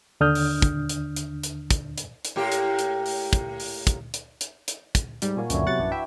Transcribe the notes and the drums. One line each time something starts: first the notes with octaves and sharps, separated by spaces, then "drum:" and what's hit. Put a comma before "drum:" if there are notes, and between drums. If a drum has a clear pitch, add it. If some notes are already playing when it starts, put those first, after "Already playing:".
D#2 D3 D4 D#6 F6 G6
drum: open hi-hat
drum: kick, hi-hat
drum: hi-hat
drum: hi-hat
drum: hi-hat
drum: kick, hi-hat
drum: hi-hat
drum: hi-hat
A2 A#3 G4
drum: hi-hat
drum: hi-hat
drum: open hi-hat
drum: kick, hi-hat
drum: open hi-hat
drum: kick, hi-hat
drum: hi-hat
drum: hi-hat
drum: hi-hat
drum: kick, hi-hat
G#2 G3, drum: hi-hat
A#2 A#3 F#4 C#5 G#5
C#2 F#2 D3 E3, drum: hi-hat
C3 F#3 B3 F#5 A6
A#1 F#2 D4
E4 E5 G5